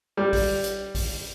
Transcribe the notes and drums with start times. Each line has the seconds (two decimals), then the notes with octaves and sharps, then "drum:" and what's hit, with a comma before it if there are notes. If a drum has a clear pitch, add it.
0.17 G3
0.33 drum: kick A#1, open hi-hat
0.64 drum: hi-hat
0.95 drum: kick A#1, open hi-hat